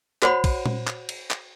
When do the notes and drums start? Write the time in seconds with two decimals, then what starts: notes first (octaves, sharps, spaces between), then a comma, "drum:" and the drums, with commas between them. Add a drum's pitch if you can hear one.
0.22 F#4 C5 C#5 F#5 B5, drum: clap
0.44 drum: kick, cymbal
0.66 drum: tom A#2
0.87 drum: clap
1.09 drum: cymbal
1.30 drum: clap